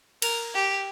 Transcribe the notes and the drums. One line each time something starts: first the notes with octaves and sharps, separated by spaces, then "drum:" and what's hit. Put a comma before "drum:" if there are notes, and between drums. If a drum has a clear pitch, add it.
A#4, drum: cymbal
G4